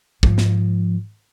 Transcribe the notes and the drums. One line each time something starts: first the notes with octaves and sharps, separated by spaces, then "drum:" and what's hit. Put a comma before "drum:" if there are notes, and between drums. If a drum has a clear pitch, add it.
G#2 F3, drum: kick
drum: snare